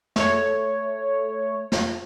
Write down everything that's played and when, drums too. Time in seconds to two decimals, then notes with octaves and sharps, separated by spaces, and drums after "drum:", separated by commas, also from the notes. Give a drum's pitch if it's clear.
0.16 A3 C#5, drum: snare
1.72 drum: snare